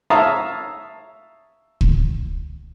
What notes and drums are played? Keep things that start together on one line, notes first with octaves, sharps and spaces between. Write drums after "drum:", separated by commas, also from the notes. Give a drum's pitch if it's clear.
C#5 E5 F5 A5 A#5 D#6
drum: kick